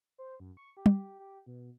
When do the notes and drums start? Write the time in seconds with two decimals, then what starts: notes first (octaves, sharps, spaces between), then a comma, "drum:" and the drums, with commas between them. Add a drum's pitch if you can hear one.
0.18 C5
0.40 F#2
0.57 C#6
0.77 G4
0.86 drum: tom
1.19 G4
1.46 B2